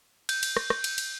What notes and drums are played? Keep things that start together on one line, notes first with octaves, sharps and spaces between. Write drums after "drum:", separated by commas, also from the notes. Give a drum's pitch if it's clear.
G6, drum: cymbal
drum: cymbal
drum: rim click
drum: rim click
drum: cymbal
drum: cymbal